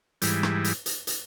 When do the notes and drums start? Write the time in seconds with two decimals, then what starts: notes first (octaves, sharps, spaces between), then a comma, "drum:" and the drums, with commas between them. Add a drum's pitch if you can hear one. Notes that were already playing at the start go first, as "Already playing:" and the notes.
0.22 G#2 E3 G3, drum: hi-hat
0.43 drum: rim click
0.64 drum: hi-hat
0.86 drum: hi-hat
1.07 drum: hi-hat